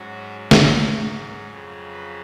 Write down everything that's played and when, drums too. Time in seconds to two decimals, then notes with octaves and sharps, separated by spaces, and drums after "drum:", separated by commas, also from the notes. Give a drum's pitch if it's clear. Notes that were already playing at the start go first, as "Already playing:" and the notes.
Already playing: G#2 F#3 C#4 F#4
0.51 drum: snare
1.50 F2 C#3 F#3
1.92 B4